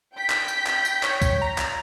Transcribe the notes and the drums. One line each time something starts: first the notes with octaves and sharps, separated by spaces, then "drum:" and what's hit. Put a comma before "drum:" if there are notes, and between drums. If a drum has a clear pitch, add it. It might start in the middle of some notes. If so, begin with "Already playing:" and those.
G5 G6 B6
drum: clap
drum: tambourine
drum: clap
drum: tambourine
C#5, drum: clap
drum: kick, tambourine
A#5
drum: clap